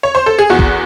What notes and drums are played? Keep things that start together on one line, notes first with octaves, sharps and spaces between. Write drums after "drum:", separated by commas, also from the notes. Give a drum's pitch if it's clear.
C#5
C5
A4
G#4
E2 F#4
drum: kick